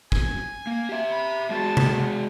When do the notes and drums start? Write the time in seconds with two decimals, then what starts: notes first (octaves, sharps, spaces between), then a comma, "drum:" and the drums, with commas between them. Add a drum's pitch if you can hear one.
0.12 G#5, drum: kick
0.67 A#3
0.89 G4 E5
1.12 B5
1.50 G#3 F#4 G#4 A5
1.77 drum: tom C3